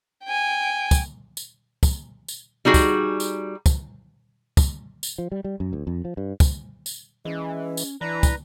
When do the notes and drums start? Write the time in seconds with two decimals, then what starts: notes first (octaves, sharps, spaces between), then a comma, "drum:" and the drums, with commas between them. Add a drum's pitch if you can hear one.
0.24 G5 G#5
0.91 drum: kick, tambourine
1.37 drum: tambourine
1.83 drum: kick, tambourine
2.28 drum: tambourine
2.65 G3 D#4 F#4 G#4
2.74 drum: kick, tambourine
3.20 drum: tambourine
3.66 drum: kick, tambourine
4.57 drum: kick, tambourine
5.03 drum: tambourine
5.18 F3
5.32 G3
5.44 G3
5.60 F#2
5.73 D2
5.87 F2
6.05 F3
6.17 G2
6.40 drum: kick, tambourine
6.86 drum: tambourine
7.25 E3 G#3 C#4
7.77 drum: tambourine
8.01 E3 D4 E4 B4 A#5
8.23 drum: kick, tambourine